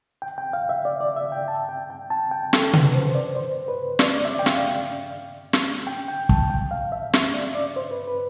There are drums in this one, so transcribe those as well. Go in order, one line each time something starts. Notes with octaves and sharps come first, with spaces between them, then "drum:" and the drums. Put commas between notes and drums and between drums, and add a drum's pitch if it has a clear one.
G5
G5
F5
E5
D5
D5
E5
G5
A5
G5
G5
A5
G5
A4, drum: snare
B4, drum: tom C3
B4
C5
C5
D5
C5
B4
D5, drum: snare
D5
E5
D5
G5
F5, drum: snare
drum: snare
G5
G5
A5, drum: kick
G5
F5
E5
E5, drum: snare
D5
D5
C5
B4
B4